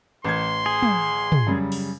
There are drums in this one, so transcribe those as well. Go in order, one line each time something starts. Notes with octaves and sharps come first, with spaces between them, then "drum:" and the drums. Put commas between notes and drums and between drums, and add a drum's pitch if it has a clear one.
A1 C6 G#6
G#4
drum: tom
drum: tom
F#2 C#3 G3
drum: open hi-hat